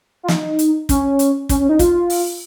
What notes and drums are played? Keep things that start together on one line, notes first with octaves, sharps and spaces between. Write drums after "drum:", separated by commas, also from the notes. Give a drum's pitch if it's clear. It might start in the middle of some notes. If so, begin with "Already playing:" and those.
F4
D#4, drum: snare
drum: hi-hat
C#4, drum: kick, hi-hat
drum: hi-hat
C#4, drum: kick, hi-hat
C#4
D#4
F4, drum: kick, hi-hat
drum: open hi-hat